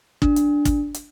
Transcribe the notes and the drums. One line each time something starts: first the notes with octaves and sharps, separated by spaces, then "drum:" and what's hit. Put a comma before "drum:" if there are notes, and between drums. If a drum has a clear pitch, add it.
D4, drum: kick
drum: hi-hat
drum: kick, hi-hat
drum: hi-hat